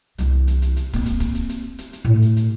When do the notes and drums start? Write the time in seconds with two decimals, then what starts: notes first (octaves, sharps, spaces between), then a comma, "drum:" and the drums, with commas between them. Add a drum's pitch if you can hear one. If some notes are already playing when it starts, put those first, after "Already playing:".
0.18 C2 E3, drum: hi-hat
0.47 drum: hi-hat
0.62 drum: hi-hat
0.77 drum: hi-hat
0.93 A#3 C4, drum: kick, hi-hat
1.06 drum: hi-hat
1.20 drum: kick, hi-hat
1.35 drum: hi-hat
1.49 drum: hi-hat
1.79 drum: hi-hat
1.93 drum: hi-hat
2.05 A2
2.22 drum: hi-hat
2.37 drum: hi-hat